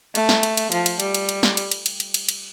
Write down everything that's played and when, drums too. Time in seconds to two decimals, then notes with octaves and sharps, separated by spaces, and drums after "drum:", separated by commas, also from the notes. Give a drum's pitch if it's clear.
0.15 A3, drum: cymbal
0.29 drum: snare
0.43 drum: cymbal
0.57 drum: cymbal
0.72 F3, drum: cymbal
0.86 drum: cymbal
1.00 G3, drum: cymbal
1.14 drum: cymbal
1.29 drum: cymbal
1.43 drum: snare
1.57 drum: cymbal
1.72 drum: cymbal
1.86 drum: cymbal
2.00 drum: cymbal
2.14 drum: cymbal
2.29 drum: cymbal